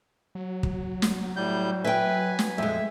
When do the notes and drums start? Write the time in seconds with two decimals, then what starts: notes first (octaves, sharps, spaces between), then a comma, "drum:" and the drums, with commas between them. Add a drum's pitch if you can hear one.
0.35 F#3
0.63 drum: kick
1.02 drum: snare
1.36 A2 G3 G6
1.85 B4 E5 G5 G#5
2.39 drum: snare
2.58 F2 G#3 E5